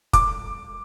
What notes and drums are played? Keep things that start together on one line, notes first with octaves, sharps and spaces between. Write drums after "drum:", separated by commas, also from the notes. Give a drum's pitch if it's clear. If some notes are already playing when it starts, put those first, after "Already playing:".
D6, drum: kick, hi-hat